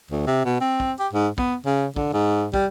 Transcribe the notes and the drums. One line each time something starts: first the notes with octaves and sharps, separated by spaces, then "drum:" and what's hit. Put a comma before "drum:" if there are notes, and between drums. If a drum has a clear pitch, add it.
D2
C3
B2
C4
drum: kick
G4
G#2
B3, drum: kick
C#3
D3, drum: kick
G#2
G3, drum: kick